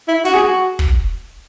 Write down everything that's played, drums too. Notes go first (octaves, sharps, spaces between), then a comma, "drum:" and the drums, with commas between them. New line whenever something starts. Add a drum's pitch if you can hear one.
E4
F#4, drum: snare
G#4
F#4
drum: kick